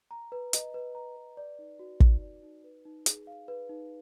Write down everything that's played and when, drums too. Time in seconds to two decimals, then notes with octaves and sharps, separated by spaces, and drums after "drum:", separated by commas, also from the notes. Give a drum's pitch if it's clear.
0.11 A#5
0.32 B4
0.53 D#5, drum: hi-hat
0.74 B4
0.95 A#5
1.16 B4
1.37 D5
1.59 D#4
1.79 F#4
2.00 D#4, drum: kick
2.22 D5
2.43 D#4
2.64 B4
2.85 D#4
3.06 G#4, drum: hi-hat
3.27 F5
3.48 B4
3.69 D#4